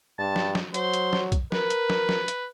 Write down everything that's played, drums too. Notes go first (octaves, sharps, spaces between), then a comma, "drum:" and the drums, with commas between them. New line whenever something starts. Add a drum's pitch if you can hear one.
G2 A5
drum: snare
drum: snare
F#3 C5, drum: hi-hat
drum: hi-hat
drum: snare
drum: kick, hi-hat
A#4 B4, drum: snare
drum: hi-hat
drum: snare
drum: snare
drum: hi-hat